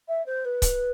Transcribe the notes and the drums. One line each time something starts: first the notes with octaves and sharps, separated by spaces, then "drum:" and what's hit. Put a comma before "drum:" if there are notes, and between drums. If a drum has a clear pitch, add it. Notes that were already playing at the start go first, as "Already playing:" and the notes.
E5
C5
B4
drum: kick C#1, hi-hat